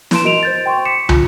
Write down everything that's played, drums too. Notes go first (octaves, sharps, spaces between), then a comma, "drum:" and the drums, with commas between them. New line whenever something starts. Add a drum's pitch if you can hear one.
E4 B4 A5 C6 D7 E7, drum: snare
F#4 A#4 D#5 D7 F7
C5 G6 A6
G5 C6 C#6
D6 B6 C#7 E7
F4, drum: tom